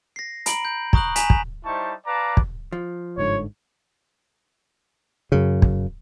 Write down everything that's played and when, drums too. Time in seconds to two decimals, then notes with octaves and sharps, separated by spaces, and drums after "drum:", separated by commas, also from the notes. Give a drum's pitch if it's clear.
0.16 A#6 C7
0.46 A#5 B5 D7 F#7, drum: hi-hat
0.65 G6
0.93 A#5 C#6 D#6 F#6 F#7, drum: kick
1.16 G#5 B6 E7 F7, drum: hi-hat
1.30 drum: kick
1.65 G3 D#4 E4 C5 A5 C#6
2.06 B4 D5 F5 A5 A#5
2.37 drum: kick
2.72 F3
3.18 G1 G#2 D3 C#5
5.32 F#2 C#3
5.62 drum: kick